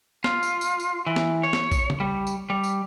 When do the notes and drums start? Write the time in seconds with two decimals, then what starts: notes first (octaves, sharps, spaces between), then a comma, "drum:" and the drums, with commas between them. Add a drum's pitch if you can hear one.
0.24 F4, drum: snare
0.43 drum: tambourine
0.61 drum: tambourine
0.80 drum: tambourine
1.07 E3
1.16 drum: snare
1.43 C#5
1.53 drum: snare
1.72 drum: kick A#1, tambourine
1.90 drum: tom C#3
2.00 G3
2.27 drum: tambourine
2.50 G3
2.63 drum: tambourine